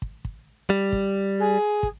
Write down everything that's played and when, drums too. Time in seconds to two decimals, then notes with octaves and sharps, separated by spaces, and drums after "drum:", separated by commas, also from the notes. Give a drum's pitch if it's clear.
0.02 drum: kick
0.25 drum: kick
0.70 G3
0.92 drum: kick
1.39 G#4
1.83 drum: kick